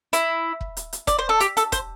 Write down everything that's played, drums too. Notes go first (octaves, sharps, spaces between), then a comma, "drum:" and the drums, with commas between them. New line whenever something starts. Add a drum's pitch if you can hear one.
E4, drum: hi-hat
drum: kick
drum: hi-hat
drum: hi-hat
D5, drum: kick, hi-hat
C5
A4
G4, drum: hi-hat
A4, drum: hi-hat
C5, drum: kick, hi-hat